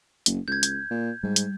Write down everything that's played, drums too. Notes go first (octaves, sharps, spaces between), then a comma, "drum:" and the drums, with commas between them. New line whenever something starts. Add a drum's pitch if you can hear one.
F#1, drum: hi-hat
C#2 G6 G#6
drum: hi-hat
A#2
G#2 G3
drum: hi-hat